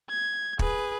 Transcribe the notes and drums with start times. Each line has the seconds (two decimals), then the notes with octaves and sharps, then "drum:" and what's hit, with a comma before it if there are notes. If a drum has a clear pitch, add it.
0.10 G#6
0.59 G#4 B4, drum: kick